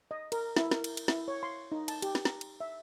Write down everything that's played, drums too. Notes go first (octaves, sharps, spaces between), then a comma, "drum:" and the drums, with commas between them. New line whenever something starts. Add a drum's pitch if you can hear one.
D#5
A#4, drum: cymbal
E4, drum: snare
A#4, drum: snare
drum: cymbal
drum: cymbal
E4, drum: snare
C#5
C6
D#4
A5, drum: cymbal
G4, drum: cymbal
drum: snare
A#5, drum: snare
drum: cymbal
E5